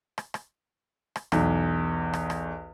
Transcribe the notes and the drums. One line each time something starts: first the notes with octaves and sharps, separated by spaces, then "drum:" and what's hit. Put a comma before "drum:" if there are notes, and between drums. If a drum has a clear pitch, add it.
drum: rim click
drum: rim click
drum: rim click
B1 E2, drum: rim click
drum: rim click
drum: rim click